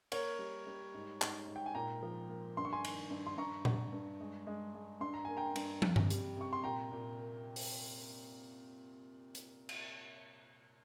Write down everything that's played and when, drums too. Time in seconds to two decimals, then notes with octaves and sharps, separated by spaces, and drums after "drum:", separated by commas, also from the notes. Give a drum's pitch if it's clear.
0.12 A#3 A#4 C#5, drum: cymbal
0.39 G3
0.67 G3
0.94 G#2
1.21 G#2, drum: clap
1.48 G#2
1.56 G5
1.66 G#5
1.75 A#2 G5 A#5
2.03 F3
2.29 A#3
2.57 G2 C6
2.65 C#6
2.73 G#5 C6
2.85 D#3, drum: cymbal
3.10 G2
3.26 C6
3.38 G2 A#5 C#6
3.65 G2, drum: tom A#2
3.93 G2
4.20 G#3
4.47 G#3
4.74 G#3
5.01 G2 C6
5.14 A#5
5.25 A#3 G#5
5.37 G5 A#5
5.56 G2, drum: cymbal
5.82 C3, drum: tom
5.96 drum: tom G2
6.10 G3, drum: hi-hat
6.37 C3 C#6
6.53 C6
6.64 A#2 G5 A#5
6.92 A#2
7.19 A#3
7.56 drum: open hi-hat
9.35 drum: hi-hat
9.69 drum: cymbal